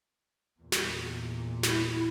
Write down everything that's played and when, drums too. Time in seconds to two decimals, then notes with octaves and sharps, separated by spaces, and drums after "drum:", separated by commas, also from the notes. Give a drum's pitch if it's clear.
0.61 E2 A#2
0.72 drum: snare
1.63 E4, drum: snare